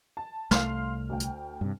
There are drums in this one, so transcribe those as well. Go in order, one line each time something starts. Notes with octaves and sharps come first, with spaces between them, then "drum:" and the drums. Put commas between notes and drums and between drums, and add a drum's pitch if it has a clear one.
A5
C2 A3 F5 C6 F6, drum: snare
D2 G5
drum: hi-hat
G2 C3